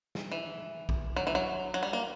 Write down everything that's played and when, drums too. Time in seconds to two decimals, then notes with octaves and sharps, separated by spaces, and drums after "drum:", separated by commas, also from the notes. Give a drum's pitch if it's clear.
0.15 drum: snare
0.32 E3
0.89 drum: kick
1.16 F#3
1.27 E3
1.35 F#3
1.74 F#3
1.83 G3
1.93 A#3